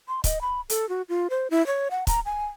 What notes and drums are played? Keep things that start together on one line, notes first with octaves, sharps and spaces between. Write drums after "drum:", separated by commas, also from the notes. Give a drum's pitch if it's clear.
C6
D#5, drum: kick C#1, hi-hat
B5
A4, drum: hi-hat
F#4
F4
C5
E4
C#5
F#5
A#5, drum: kick C#1, hi-hat
G#5